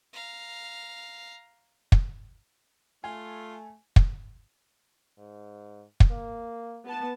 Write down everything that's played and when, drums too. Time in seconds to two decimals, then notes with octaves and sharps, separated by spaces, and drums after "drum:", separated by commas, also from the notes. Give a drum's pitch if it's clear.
0.13 F5 A#5
1.92 drum: kick
3.04 A3 F4 G#5
3.96 drum: kick
5.18 G#2
6.00 drum: kick
6.11 A#3
6.85 B3 A5